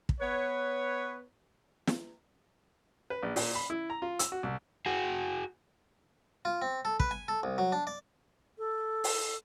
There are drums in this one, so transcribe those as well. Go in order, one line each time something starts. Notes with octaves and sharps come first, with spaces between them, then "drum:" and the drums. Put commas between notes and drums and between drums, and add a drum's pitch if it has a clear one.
drum: kick
B3 B4 C#5
drum: snare
B4
A#1
A#2, drum: open hi-hat
B5
E4
A#5
F4
E6, drum: hi-hat
F#4
C2
F#4 G#4
F4
C4
A4
B4, drum: kick
G#5
A4
C2
F#3
D4
D5
A4
drum: open hi-hat